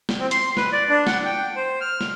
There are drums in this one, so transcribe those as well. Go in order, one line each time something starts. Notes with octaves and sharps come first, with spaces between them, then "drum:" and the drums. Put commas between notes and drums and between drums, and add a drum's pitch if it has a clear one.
drum: snare
C4
C6, drum: hi-hat
B4, drum: snare
D5
D4
F#5, drum: snare
G5
C5
F6
drum: snare